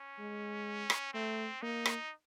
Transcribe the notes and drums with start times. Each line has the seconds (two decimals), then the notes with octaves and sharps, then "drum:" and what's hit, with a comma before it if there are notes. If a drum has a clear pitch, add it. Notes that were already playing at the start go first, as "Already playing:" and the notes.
Already playing: C#4
0.18 G#3
0.90 drum: rim click
1.13 A3 C4
1.62 A#3 D#4
1.86 drum: rim click